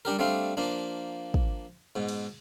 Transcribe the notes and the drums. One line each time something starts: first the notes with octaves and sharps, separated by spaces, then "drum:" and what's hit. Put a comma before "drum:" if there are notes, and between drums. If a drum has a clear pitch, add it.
G3 D4 G4 A#4
G3 A3 C4 D4 F5
F3 A#3 D4
drum: kick
G#2 B2
drum: cymbal